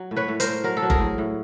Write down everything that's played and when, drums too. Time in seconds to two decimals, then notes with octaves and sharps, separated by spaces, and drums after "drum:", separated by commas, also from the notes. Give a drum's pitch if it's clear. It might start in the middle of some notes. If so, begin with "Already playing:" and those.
Already playing: F#3
0.11 A2
0.16 B4 C#5
0.28 A2
0.40 A#4 C5, drum: hi-hat
0.46 A2
0.64 F#3 A#4
0.77 A4
0.82 F#3
0.90 G#4 A#4, drum: kick F#1
0.99 A2
1.18 A2